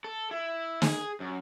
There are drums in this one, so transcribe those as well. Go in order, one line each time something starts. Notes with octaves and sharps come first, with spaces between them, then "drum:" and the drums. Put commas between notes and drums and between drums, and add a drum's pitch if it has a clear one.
A4
E4
G#4, drum: snare
F#2